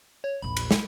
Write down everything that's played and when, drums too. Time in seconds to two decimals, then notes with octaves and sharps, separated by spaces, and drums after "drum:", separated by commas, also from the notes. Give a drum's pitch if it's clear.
0.24 C#5
0.42 A#1 E2 B5
0.57 drum: cymbal
0.71 drum: snare